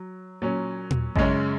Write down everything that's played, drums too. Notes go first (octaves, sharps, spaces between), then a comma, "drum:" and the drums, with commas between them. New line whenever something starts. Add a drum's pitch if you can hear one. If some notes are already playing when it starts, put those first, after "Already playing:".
Already playing: F#3
A#2 F#3 C#4
drum: tom A#2
F#2 C#3 G#3 C#4 D#5, drum: kick A1